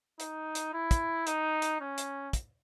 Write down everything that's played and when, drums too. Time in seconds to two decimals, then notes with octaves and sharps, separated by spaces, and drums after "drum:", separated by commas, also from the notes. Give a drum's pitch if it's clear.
0.20 D#4, drum: hi-hat
0.55 drum: hi-hat
0.73 E4
0.91 drum: kick, hi-hat
1.27 D#4, drum: hi-hat
1.62 drum: hi-hat
1.81 C#4
1.98 drum: hi-hat
2.33 drum: kick, hi-hat